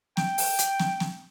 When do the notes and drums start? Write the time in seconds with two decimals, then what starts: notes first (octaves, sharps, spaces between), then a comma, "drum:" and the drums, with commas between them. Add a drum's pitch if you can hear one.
0.17 G5, drum: snare
0.38 drum: open hi-hat
0.59 drum: hi-hat
0.80 drum: snare
1.00 drum: snare